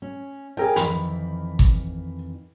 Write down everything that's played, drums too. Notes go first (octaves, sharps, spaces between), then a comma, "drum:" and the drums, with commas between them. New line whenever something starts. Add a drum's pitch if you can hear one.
C#4
F4 G#4 A#4 G5
F2 D#3 E3 B5, drum: hi-hat
drum: kick G#1